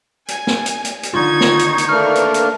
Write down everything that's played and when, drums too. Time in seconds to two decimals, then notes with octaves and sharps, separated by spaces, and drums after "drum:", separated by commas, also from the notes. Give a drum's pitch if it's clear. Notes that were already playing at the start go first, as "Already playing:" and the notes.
0.28 G#5, drum: hi-hat
0.47 drum: snare
0.66 drum: hi-hat
0.85 drum: hi-hat
1.03 drum: hi-hat
1.13 D3 D#3 D#4 F4 C#6 G#6
1.41 drum: snare
1.59 drum: hi-hat
1.78 drum: hi-hat
1.89 A3 A#3 D4 A#4 B4 F6
2.15 drum: hi-hat
2.34 drum: hi-hat